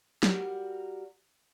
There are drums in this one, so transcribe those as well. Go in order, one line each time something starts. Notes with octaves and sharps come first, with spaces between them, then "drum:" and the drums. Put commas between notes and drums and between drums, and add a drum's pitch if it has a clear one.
G3 F#4 A#4 F#5, drum: snare F#3